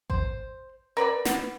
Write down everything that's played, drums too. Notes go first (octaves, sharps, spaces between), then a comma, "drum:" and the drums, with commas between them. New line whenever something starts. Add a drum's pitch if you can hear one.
C5, drum: kick G#1
A#4 B4 D5 B5
B3, drum: snare